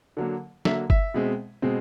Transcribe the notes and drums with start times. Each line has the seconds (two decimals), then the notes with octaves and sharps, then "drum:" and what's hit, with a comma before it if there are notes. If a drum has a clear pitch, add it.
0.17 D3 F#3 A#3
0.65 D3 F#3 A#3 E5, drum: snare
0.90 E5, drum: kick G1
1.14 B2 G#3 C4
1.62 B2 G#3 C4